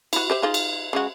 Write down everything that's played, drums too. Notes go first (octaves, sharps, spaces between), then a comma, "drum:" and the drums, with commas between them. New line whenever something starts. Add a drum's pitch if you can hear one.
E4 F#4, drum: cymbal
G4 C5 E5
D#4 F4 G#4
drum: cymbal
C#3 G#3 F#4